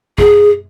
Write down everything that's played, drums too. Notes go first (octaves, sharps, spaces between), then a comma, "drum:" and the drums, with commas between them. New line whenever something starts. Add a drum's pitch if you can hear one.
G#4, drum: kick